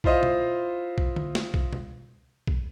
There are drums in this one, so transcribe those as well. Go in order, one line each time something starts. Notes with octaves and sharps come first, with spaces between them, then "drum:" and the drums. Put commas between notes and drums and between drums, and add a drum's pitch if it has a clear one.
E4 F4 C5 D#5 F5, drum: kick B1
drum: tom B2
drum: kick B1
drum: tom D3
drum: snare
drum: kick B1
drum: tom B2
drum: kick B1